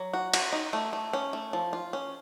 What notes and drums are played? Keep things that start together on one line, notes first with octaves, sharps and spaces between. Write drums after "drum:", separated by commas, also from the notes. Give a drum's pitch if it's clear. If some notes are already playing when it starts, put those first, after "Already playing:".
Already playing: F#3
F#4
F#4, drum: cymbal
D#4
A3
A3
C#4
A3
F3
F4
C#4